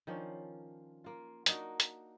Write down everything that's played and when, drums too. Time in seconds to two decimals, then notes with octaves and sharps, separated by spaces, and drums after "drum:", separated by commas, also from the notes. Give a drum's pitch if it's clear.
0.07 D#3 F3 C#4 D4
1.04 A#3 F4
1.46 A#3 D4 D#4 F#4, drum: hi-hat
1.80 drum: hi-hat